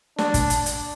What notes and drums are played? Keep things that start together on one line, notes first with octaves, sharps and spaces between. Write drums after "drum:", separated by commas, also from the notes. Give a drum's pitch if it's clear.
D4, drum: snare
drum: kick, hi-hat
drum: hi-hat
drum: hi-hat